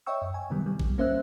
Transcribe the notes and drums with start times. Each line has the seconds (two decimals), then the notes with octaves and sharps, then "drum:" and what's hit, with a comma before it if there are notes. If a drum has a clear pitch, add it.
0.06 C#5 D#5 E5 G5 C#6 E6
0.22 F#2
0.34 G#5
0.50 C3 D#3 F#3 G3 B3
0.66 G3
0.80 drum: kick G#1
0.98 A#3 C#4 C5 E5 E6 F#6